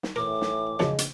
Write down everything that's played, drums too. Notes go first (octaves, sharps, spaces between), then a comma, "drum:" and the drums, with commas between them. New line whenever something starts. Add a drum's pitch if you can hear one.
drum: snare
A2 E3 A#4 D6
drum: snare
F#2 C#3 F3 G#3, drum: snare
drum: hi-hat